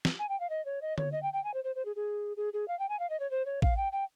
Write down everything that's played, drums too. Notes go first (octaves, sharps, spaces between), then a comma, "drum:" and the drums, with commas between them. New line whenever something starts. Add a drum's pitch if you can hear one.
drum: snare
G#5
G5
F5
D#5
C#5
D#5
C#5, drum: tom D3
D#5
G5
G5
G#5
C5
C5
C5
G#4
G#4
G#4
G#4
F5
G5
G#5
F5
D#5
C#5
C5
C#5
F5, drum: kick A1
G5
G5